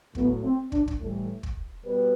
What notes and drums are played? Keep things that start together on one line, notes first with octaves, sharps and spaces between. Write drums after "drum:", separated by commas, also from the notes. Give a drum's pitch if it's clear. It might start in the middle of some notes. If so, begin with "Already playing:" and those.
A2 F#3 B3, drum: kick
C4
D4, drum: kick
drum: kick
A2 E3 G3 A4
drum: kick
B2 G3 B4